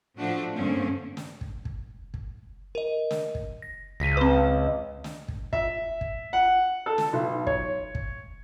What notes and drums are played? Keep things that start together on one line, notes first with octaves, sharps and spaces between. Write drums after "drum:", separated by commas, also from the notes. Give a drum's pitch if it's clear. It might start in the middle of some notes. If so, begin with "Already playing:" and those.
A2 F3 A3 D4 F#4
G2 D3 A#3 C4 C#4
drum: snare
drum: kick
drum: kick
drum: kick
A#4 D#5
drum: snare
drum: kick
A#6
C#2 A#6 B6 D#7
C4 B4
drum: snare
drum: kick
E5, drum: kick
drum: kick
F#5
A4
drum: snare
B1
C#5, drum: kick
drum: kick